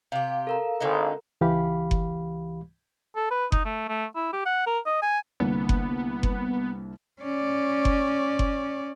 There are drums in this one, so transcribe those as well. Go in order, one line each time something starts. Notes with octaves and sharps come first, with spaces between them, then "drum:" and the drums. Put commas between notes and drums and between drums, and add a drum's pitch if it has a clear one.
C3 G4 F5
A4 A#4 A#5
G#1 D3 G#3 D#4
C#2 E3 G4 F5 B5
drum: kick F#1
A4
B4
D#4, drum: kick F#1
A3
A3
E4
G4
F#5
A#4
D#5
G#5
C2 D3 A#3 B3
drum: kick F#1
drum: kick F#1
C#4 D5
drum: kick F#1
drum: kick F#1